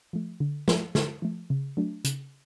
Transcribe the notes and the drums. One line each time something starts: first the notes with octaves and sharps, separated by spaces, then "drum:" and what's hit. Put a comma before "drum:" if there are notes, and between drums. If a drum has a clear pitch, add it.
F3 A3
D3
F3 A3, drum: snare
D3, drum: snare
F3 A3
C#3
F#3 A3 D4
C#3, drum: hi-hat